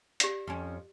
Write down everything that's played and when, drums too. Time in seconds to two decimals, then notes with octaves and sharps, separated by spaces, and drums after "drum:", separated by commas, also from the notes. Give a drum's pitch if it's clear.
0.20 G4 D5, drum: hi-hat
0.47 F2 C#4